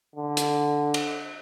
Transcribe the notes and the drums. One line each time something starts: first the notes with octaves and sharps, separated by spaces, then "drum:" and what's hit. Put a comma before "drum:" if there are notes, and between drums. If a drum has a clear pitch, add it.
D3
drum: hi-hat
drum: cymbal